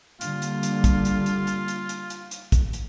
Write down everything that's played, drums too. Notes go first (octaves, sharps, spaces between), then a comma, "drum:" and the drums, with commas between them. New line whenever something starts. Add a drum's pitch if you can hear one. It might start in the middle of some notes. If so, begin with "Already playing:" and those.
D3 G3 A#3 F4, drum: hi-hat
drum: hi-hat
drum: hi-hat
drum: kick, hi-hat
drum: hi-hat
drum: hi-hat
drum: hi-hat
drum: hi-hat
drum: hi-hat
drum: hi-hat
drum: hi-hat
drum: kick, hi-hat
drum: hi-hat